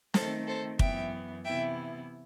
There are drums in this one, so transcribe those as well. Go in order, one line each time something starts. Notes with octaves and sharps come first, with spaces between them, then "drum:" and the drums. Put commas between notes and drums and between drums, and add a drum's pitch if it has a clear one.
D#3 A3 C4 A4 C5, drum: snare
A4 C5
F#2 E3 B3 E5 G5, drum: kick
C3 E3 B3 E4 E5 G5